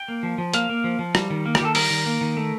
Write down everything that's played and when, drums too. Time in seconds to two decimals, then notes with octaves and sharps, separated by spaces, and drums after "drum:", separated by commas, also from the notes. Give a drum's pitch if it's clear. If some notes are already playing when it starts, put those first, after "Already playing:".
Already playing: G5
0.08 A#3
0.23 F3
0.38 F3
0.53 A#3 F5, drum: hi-hat
0.69 A#3
0.84 F3
0.99 F3
1.15 G3, drum: rim click
1.30 D#3
1.46 A#3
1.55 G4, drum: rim click
1.61 D#3 A4
1.75 G3 A#4, drum: open hi-hat
1.90 D#3
2.06 A#3
2.21 D#3
2.37 A3